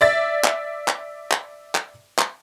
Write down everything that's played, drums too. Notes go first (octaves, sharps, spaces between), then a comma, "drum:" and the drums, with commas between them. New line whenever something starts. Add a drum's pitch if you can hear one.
D5 E5 A6
drum: clap
drum: clap
drum: clap
drum: clap
drum: clap